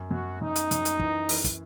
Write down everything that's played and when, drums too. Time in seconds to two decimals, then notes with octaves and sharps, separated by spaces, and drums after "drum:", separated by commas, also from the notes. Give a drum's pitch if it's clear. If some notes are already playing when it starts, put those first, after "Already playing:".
Already playing: F#2
0.11 F#2 F#4
0.41 F#2 D#4
0.56 drum: hi-hat
0.71 F#2, drum: hi-hat
0.85 drum: hi-hat
0.99 E3, drum: kick
1.29 E3, drum: open hi-hat
1.44 drum: kick, hi-hat